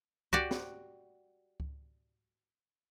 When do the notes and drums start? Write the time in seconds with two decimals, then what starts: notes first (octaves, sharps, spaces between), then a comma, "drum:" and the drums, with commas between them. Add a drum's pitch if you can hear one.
0.33 F#4 G4 D5, drum: kick C#2
0.51 drum: snare
1.60 drum: kick C#2